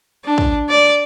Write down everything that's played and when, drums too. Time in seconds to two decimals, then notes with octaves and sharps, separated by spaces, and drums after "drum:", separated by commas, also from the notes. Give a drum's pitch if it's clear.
0.25 D4
0.38 drum: kick
0.69 D5